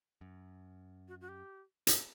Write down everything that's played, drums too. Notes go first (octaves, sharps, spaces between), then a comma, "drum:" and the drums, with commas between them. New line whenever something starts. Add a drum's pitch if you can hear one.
F#2
F#4
F#4
G4
drum: hi-hat